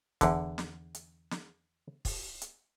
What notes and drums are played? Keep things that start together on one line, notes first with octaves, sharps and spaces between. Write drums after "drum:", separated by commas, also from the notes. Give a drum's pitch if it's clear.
E2 D3, drum: kick, hi-hat
drum: snare
drum: hi-hat
drum: snare
drum: kick, open hi-hat
drum: hi-hat